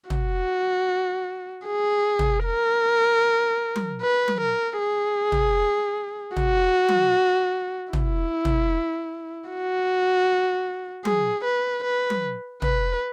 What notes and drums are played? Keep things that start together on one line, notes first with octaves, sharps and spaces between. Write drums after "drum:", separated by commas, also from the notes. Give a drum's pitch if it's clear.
F#4, drum: tom
G#4
drum: tom
A#4
drum: tom F#3
B4
drum: tom F#3
A#4
G#4
drum: tom
F#4, drum: tom
drum: tom F#3
E4, drum: tom
drum: tom
F#4
G#4, drum: tom F#3
B4
B4
drum: tom F#3
B4, drum: tom